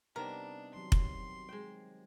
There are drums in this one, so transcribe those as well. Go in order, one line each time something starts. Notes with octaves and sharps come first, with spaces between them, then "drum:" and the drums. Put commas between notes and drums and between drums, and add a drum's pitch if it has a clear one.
C3 G3 B3 C4 D4 D#4 A#4
D#3 F#3 G4 C6
drum: kick F1
G#3 C5 G5